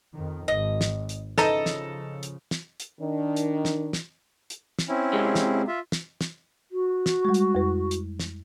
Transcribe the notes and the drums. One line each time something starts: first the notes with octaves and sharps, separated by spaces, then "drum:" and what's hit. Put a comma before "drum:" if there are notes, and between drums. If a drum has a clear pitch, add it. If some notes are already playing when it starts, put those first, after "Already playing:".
F2 D#3
G#1 D#5
drum: snare
drum: hi-hat
C#3 E3 F3 D#4 A4 D#5 A5 A#5, drum: snare
drum: snare
drum: hi-hat
drum: snare
drum: hi-hat
D#3 D4
drum: hi-hat
drum: snare
drum: snare
drum: hi-hat
drum: snare
C4 C#4 E4
C3 G#3
drum: snare
F4 E5
drum: snare
drum: snare
F#4
drum: snare
G3 G#3
drum: hi-hat
F2 B4
drum: hi-hat
drum: snare